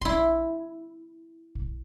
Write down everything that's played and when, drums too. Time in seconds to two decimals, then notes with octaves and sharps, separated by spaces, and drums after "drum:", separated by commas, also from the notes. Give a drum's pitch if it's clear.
0.01 E4 C6, drum: kick A#1
1.55 drum: kick A#1